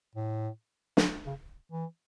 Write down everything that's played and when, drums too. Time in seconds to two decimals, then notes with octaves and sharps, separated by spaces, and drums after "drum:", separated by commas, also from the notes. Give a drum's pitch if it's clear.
0.15 A2
0.97 drum: snare
1.26 C#3
1.72 E3